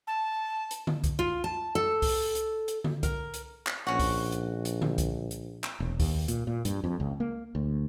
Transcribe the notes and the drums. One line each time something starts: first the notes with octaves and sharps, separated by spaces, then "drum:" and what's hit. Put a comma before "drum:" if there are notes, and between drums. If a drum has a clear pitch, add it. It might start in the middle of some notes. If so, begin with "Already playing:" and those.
A5
drum: hi-hat
drum: tom D3
drum: kick C2, hi-hat
F4
A5
A4
drum: kick C2, open hi-hat
drum: hi-hat
drum: hi-hat
drum: tom D3
A#4, drum: kick C2, hi-hat
drum: hi-hat
drum: clap
A#1 C#4 F#4
drum: kick C2, open hi-hat
drum: hi-hat
drum: hi-hat
drum: tom D3
drum: kick C2, hi-hat
drum: hi-hat
drum: clap
E1
D#2, drum: kick C2, open hi-hat
A#2, drum: hi-hat
A#2
G2, drum: hi-hat
F2
C#2
A#3
D2